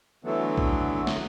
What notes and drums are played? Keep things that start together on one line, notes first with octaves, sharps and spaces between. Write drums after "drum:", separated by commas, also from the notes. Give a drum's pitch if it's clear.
D3 E3 F#3 A3 B3
drum: kick A#1
drum: snare